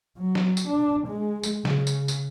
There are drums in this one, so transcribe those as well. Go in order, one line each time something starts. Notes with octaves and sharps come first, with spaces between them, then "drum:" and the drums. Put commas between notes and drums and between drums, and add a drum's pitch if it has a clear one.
F#3
drum: snare
drum: tambourine
D4
G#3
drum: tambourine
C#3, drum: snare
drum: tambourine
drum: tambourine